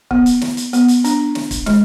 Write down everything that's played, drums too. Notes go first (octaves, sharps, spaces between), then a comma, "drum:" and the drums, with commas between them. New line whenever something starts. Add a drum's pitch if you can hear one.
B3, drum: kick
drum: hi-hat
drum: snare
drum: hi-hat
B3, drum: hi-hat
drum: hi-hat
D4, drum: hi-hat
drum: snare
drum: kick, hi-hat
G#3, drum: snare